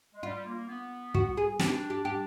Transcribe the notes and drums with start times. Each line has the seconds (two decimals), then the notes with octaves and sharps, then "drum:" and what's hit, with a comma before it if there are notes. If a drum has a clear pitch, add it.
0.14 G#3
0.23 G3 F4
0.46 A#3
0.68 B3
1.14 F#4, drum: kick
1.37 G#4
1.60 D4 G4, drum: snare
1.90 G4
2.05 G4